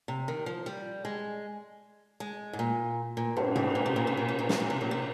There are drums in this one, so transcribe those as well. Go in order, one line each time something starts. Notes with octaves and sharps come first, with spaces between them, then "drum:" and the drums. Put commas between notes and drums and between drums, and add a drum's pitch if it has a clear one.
C3
D#3
F3
G3
G#3
G#3
G#2
A#2
A#2
G2, drum: cymbal
G#2, drum: tom A#2
A#2
C3
A#2
C3
A#2
C3
A#2
C3, drum: snare
A#2
C3
A#2
C3